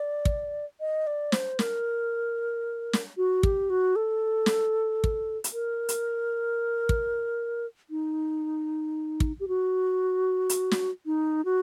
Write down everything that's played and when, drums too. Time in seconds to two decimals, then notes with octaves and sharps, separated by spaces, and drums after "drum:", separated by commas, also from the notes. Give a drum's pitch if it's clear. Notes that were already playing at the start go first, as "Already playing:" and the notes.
Already playing: D5
0.25 drum: kick
0.80 D#5
1.07 D5
1.32 C5, drum: snare
1.59 A#4, drum: snare
2.93 drum: snare
3.17 F#4
3.43 G4, drum: kick
3.70 F#4
3.96 A4
4.46 drum: snare
5.04 drum: kick
5.44 drum: hi-hat
5.53 A#4
5.89 drum: hi-hat
6.89 drum: kick
7.90 D#4
9.20 drum: kick
9.40 G4
9.48 F#4
10.49 drum: hi-hat
10.71 drum: snare
11.06 D#4
11.45 F#4